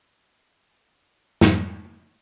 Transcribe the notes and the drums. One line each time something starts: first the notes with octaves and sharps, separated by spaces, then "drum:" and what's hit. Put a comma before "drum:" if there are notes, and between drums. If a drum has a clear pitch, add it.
F2 G#2 F3 G3 D#4, drum: snare